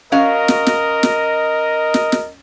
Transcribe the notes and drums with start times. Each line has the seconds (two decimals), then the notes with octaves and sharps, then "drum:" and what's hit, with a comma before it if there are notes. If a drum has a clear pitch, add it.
0.12 C#4 F#4 A#4 D#5 F5
0.48 drum: snare
0.67 drum: snare
1.03 drum: snare
1.94 drum: snare
2.12 drum: snare